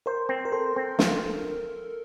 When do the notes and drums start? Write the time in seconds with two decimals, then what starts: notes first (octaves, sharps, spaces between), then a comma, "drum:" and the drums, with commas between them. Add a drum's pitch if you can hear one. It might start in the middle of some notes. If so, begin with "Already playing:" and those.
0.06 A#4 C5
0.29 C4
0.45 A#4
0.52 A4 C5
0.76 C4
0.99 F4 A4, drum: snare